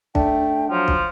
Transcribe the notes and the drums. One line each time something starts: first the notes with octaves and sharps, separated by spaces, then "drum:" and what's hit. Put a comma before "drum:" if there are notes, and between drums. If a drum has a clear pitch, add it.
A3 D4 G5, drum: kick
F3 F#3
drum: kick